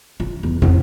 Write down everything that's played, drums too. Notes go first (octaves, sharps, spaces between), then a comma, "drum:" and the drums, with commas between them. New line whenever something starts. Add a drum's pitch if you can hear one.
F4
E2
F2, drum: tom